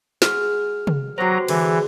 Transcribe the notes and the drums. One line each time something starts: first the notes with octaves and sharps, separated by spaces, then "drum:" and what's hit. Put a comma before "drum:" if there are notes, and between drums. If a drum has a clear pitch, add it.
G#3 F#4 F6, drum: snare
drum: tom
F#3 B3 F#4 G4 C5 A#5
D3 E3 G#3 D4, drum: cymbal